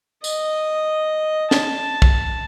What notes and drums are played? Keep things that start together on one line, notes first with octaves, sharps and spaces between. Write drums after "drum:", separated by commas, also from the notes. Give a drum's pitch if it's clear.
D#5, drum: tambourine
A5, drum: snare
drum: kick